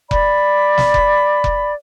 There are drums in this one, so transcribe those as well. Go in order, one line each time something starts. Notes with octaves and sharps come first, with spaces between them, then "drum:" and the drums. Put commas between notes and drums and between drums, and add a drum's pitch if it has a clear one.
D5 B5, drum: kick F1
drum: snare
drum: kick F1
drum: kick F1